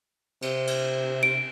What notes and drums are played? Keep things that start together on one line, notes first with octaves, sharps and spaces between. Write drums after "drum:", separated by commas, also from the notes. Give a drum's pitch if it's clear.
C3, drum: cymbal
drum: cymbal
D7